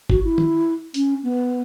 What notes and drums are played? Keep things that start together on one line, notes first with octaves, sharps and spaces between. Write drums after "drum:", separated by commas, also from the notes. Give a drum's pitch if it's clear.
F#4, drum: kick
E4
drum: tom
C#4, drum: hi-hat
B3